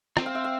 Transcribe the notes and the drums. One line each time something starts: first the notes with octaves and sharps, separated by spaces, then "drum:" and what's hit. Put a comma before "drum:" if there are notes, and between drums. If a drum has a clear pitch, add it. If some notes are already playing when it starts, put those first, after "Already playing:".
C4 G5, drum: rim click
F5
E5
F5